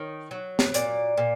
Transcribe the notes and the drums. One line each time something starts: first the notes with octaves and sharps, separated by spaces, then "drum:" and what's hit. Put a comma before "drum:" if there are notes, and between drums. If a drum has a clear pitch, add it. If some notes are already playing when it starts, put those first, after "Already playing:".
Already playing: D#3 C#5
F#3
drum: snare
A#2 D5, drum: hi-hat
A#2